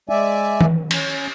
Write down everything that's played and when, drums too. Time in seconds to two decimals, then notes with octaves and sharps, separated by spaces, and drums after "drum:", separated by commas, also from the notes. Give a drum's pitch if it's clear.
0.09 G#3 D5 E5 G#5
0.61 drum: tom
0.91 C#4, drum: cymbal